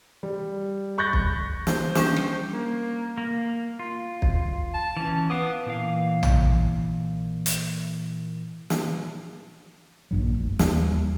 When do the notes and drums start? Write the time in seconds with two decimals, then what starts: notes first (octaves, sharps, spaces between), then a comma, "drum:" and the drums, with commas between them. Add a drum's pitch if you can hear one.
0.23 G3
0.98 B5 C#6 F#6 G6 A6 A#6
1.13 drum: kick
1.67 C5, drum: snare
1.95 G3 C#4 D4 C5, drum: snare
2.16 drum: rim click
2.51 A#3
3.18 A#3
3.79 F4
4.22 drum: kick
4.74 A5
4.97 E3 C#4
5.30 B3 F5 D6 D#6
5.66 A#2 E3 F5
6.23 drum: tom A#1
7.46 drum: hi-hat
8.70 drum: snare
10.11 A#1 G2 F#3
10.39 F1
10.59 D#2 F#3 G3, drum: snare